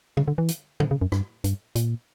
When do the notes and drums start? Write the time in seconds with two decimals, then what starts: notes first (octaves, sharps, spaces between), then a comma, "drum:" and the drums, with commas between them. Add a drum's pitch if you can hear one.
0.17 C#3, drum: tom D3
0.28 D3
0.38 E3
0.48 drum: hi-hat
0.80 D3, drum: tom A2
0.91 C#3
1.01 F#2
1.12 G2, drum: rim click
1.44 G2, drum: hi-hat
1.75 A#2, drum: hi-hat